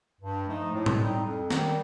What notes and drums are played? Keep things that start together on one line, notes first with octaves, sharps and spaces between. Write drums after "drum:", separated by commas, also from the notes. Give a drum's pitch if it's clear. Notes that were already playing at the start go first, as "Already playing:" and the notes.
G2
F3 A3 D#4
A2
drum: tom A2
G3 C4 D#4
F2
D#3 G3, drum: snare